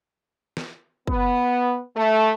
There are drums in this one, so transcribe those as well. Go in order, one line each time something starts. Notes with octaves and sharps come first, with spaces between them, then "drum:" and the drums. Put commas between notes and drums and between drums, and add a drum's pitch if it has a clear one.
drum: snare
B3, drum: kick
A3